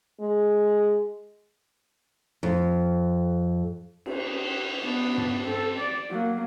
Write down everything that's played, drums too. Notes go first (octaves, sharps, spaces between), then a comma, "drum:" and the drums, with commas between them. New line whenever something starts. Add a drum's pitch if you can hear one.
G#3
F2
drum: cymbal
B3 D4
drum: tom
C4 A4
D5
F#3 A#3